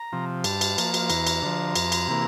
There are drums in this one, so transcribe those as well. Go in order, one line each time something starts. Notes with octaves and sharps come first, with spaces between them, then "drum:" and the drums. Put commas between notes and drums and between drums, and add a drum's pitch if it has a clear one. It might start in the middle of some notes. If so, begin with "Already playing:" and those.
Already playing: A#5
C3 F3
G2 A5, drum: cymbal
drum: cymbal
F3 A#3, drum: cymbal
drum: cymbal
E2 A#5, drum: cymbal
drum: cymbal
D3 F3
F2, drum: cymbal
drum: cymbal
C3 E3 A#3